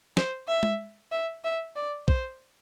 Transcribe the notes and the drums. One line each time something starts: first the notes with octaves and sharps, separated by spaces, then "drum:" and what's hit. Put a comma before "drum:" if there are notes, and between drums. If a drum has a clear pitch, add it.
C5, drum: snare
E5
drum: tom G#3
E5
E5
D5
C5, drum: kick